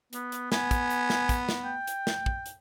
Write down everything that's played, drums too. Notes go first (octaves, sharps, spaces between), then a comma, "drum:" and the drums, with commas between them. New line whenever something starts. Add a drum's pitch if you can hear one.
B3, drum: hi-hat
drum: hi-hat
B3 G#5, drum: snare
drum: kick, hi-hat
drum: hi-hat
drum: snare
drum: kick, hi-hat
drum: snare
G5
drum: hi-hat
drum: snare
drum: kick
drum: hi-hat